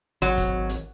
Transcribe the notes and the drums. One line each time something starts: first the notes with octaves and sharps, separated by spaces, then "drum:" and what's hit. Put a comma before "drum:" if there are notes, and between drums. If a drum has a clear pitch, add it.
G#1 F#3, drum: hi-hat
drum: kick, hi-hat
drum: hi-hat